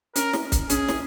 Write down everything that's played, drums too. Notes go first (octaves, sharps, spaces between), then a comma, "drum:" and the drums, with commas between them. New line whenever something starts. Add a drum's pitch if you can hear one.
C#4 A#4, drum: hi-hat
drum: snare
drum: kick, hi-hat
C#4 G#4, drum: hi-hat
drum: snare